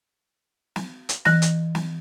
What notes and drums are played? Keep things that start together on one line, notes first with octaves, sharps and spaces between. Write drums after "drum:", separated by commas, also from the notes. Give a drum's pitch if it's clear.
drum: snare
drum: hi-hat
E3 F#6 A#6, drum: snare
drum: hi-hat
drum: snare